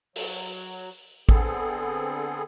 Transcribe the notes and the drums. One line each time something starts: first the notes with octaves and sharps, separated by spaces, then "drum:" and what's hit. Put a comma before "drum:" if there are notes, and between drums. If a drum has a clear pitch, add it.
F#3, drum: open hi-hat
D3 B3 C4 G#4 A4, drum: kick